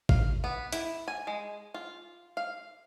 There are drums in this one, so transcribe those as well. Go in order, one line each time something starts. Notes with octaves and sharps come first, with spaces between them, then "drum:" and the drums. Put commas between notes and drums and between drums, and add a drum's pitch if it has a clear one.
F5, drum: kick G#1
B3
E4, drum: hi-hat
G#5
G#3
F4
F5